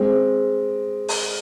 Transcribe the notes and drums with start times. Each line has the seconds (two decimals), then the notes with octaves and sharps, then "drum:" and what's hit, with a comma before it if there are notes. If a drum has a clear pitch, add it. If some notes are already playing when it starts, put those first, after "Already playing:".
Already playing: G#3 C4
1.08 drum: open hi-hat